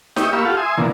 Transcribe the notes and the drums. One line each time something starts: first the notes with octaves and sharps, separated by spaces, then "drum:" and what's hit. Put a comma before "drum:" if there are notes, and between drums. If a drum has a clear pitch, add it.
D#4 G4 E5 G5 C#6 D#6, drum: snare D#4
A#3 G4 F5 B5 C#6 E6
F4 G4 A4 F5 F#5
E5 G#5 C6 D#6
B2 D3 E3 F3 A#3